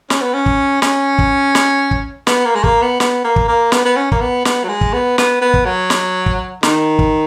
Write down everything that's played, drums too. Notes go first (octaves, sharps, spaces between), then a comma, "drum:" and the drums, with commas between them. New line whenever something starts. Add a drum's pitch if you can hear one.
C#4, drum: snare
B3
C#4
drum: kick
C#4, drum: snare
drum: kick
drum: snare
drum: kick
B3, drum: snare
A#3
G#3
A#3, drum: kick
B3
B3, drum: snare
A#3
drum: kick
A#3
B3, drum: snare
B3
C#4
A#3, drum: kick
B3
B3, drum: snare
F#3
G#3
drum: kick
B3
B3, drum: snare
B3
drum: kick
F#3
drum: snare
drum: kick
D#3, drum: snare
drum: kick